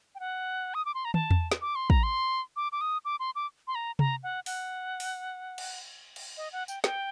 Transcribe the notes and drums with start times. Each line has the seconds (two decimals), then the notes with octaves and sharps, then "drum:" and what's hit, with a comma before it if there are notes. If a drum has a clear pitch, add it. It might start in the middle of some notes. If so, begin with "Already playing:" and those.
0.15 G5
0.20 F#5
0.74 D#6
0.85 D6
0.94 C6
1.05 A#5
1.14 A5, drum: tom
1.31 drum: tom E2
1.52 drum: snare
1.62 D6
1.75 C6
1.90 A#5, drum: kick
2.03 C6
2.56 D6
2.72 D6
2.81 D#6
3.05 D6
3.20 C6
3.35 D6
3.68 C6
3.75 A#5
3.99 A#5, drum: tom C3
4.23 F#5
4.46 F#5, drum: open hi-hat
5.00 drum: open hi-hat
5.58 drum: cymbal
6.16 drum: cymbal
6.37 D#5
6.52 F#5
6.68 G5, drum: tambourine
6.84 G5, drum: snare